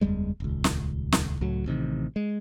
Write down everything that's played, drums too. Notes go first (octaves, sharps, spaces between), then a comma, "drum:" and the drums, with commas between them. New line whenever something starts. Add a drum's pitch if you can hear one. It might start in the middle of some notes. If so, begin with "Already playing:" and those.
F#1 E2 G3 G#3
D#1 C#2
drum: snare
drum: snare
C#2 A2 F#3
A1 C3 D#3
G#3